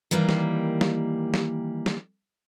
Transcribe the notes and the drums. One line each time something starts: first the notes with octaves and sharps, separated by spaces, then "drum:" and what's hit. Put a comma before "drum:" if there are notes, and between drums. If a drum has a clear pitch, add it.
D#3 E3 G3 A#3
drum: snare
drum: snare
drum: snare
drum: snare